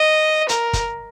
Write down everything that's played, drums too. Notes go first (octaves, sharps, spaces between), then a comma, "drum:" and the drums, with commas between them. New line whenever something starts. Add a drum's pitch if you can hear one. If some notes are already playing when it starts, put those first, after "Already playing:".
Already playing: D#5
A#4, drum: hi-hat
drum: kick, hi-hat